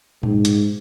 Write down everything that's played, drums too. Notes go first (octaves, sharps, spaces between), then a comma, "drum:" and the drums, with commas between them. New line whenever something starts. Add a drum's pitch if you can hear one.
G#2, drum: tom A#2
drum: hi-hat